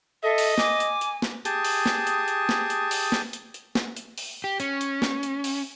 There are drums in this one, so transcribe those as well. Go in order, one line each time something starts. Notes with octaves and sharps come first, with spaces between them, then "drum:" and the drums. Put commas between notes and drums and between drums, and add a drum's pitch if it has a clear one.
A4 D#5 E5
drum: open hi-hat
G#5 D6, drum: snare
drum: hi-hat
drum: hi-hat
drum: snare
G4 G#4 A5 D#6, drum: hi-hat
drum: open hi-hat
drum: snare
drum: hi-hat
drum: hi-hat
drum: snare
drum: hi-hat
drum: open hi-hat
drum: snare
drum: hi-hat
drum: hi-hat
drum: snare
drum: hi-hat
drum: open hi-hat
G4
C#4, drum: hi-hat
drum: hi-hat
drum: snare
drum: hi-hat
drum: open hi-hat